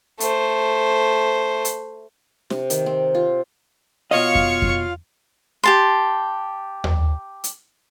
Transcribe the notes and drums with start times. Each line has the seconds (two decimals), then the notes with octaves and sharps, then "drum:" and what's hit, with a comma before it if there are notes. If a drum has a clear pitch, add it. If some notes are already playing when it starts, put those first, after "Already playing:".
0.20 A3 C5, drum: hi-hat
1.65 drum: hi-hat
2.50 C3, drum: snare
2.70 D#3, drum: hi-hat
2.86 C4
3.15 F4
4.11 B2 F4 C#5 D#5 F5 C#6
4.35 drum: kick F2
4.62 drum: kick F2
5.64 G4 A5 C6
6.84 drum: tom D#2
7.44 drum: hi-hat